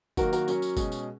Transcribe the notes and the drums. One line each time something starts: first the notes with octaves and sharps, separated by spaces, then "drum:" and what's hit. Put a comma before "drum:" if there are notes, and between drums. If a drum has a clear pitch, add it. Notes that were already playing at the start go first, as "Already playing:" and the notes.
D#3 F#3 A#3 F#4 A#4, drum: kick F#1, tambourine
F#4 A#4, drum: tambourine
F#3 C#4 F#4 A#4 C#5, drum: tambourine
drum: tambourine
B2 G#3 C#4 G#4, drum: kick F#1, tambourine
drum: tambourine